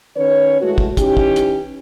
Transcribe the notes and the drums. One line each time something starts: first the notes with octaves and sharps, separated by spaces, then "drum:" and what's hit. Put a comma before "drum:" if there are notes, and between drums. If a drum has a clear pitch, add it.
D#3 C#4 B4 C#5
A2 G#3 A3 F#4
drum: kick
E3 C#4 D#4 G4, drum: kick, hi-hat
drum: kick
drum: hi-hat